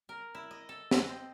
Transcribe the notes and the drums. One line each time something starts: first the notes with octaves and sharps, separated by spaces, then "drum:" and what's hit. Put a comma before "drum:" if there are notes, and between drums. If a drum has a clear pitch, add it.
A#4
E4
D#5
A4
D#5, drum: snare
C4